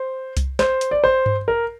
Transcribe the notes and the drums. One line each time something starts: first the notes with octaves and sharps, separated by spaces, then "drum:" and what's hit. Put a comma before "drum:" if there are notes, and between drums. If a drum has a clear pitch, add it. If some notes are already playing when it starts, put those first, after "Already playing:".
Already playing: C5
drum: kick C2, hi-hat
C5, drum: snare
drum: hi-hat
D5
C5
drum: tom G2
A#4